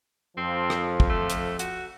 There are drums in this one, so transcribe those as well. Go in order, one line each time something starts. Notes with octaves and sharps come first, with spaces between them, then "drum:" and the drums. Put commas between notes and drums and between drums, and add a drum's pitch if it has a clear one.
F2 F3 C4
drum: rim click
drum: kick
A3
drum: hi-hat
F#4, drum: hi-hat